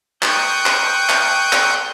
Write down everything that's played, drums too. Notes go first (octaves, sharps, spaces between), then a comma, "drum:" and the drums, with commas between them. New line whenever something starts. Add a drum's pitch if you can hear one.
G5 C#6 D#6 F#6 G6, drum: clap
drum: clap
drum: clap
drum: clap